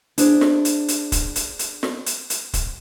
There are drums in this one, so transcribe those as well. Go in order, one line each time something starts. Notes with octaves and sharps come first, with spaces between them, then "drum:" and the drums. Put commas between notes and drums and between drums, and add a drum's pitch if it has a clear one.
D4 E4 G#4 C5, drum: hi-hat
drum: snare
drum: hi-hat
drum: hi-hat
drum: kick, hi-hat
drum: hi-hat
drum: hi-hat
drum: snare
drum: hi-hat
drum: hi-hat
drum: kick, hi-hat